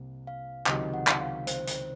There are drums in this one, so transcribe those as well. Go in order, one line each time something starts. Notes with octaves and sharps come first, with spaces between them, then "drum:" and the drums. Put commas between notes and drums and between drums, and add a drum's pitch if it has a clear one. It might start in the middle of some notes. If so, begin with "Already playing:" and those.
Already playing: C2 C3 A#3
F5
C#2 C3 D#3 F#3 D#5, drum: clap
F#5
drum: clap
F5
C5, drum: hi-hat
drum: hi-hat